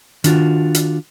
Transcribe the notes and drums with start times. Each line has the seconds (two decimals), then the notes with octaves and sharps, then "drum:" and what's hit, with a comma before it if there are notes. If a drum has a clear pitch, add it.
0.24 D#3 D4 F4 F#4, drum: hi-hat
0.75 drum: hi-hat